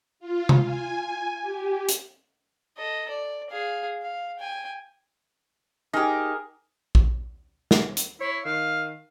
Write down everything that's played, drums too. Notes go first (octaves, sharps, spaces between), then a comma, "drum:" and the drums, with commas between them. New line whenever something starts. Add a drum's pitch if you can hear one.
F4
drum: tom C3
G#5
G4
drum: hi-hat
A4 D#5
D5
G#4 F5
F5
G5 G#5
D#4 G4 G#4 A#4
drum: kick A#1
drum: snare
drum: hi-hat
E4 C#5
D#3 F5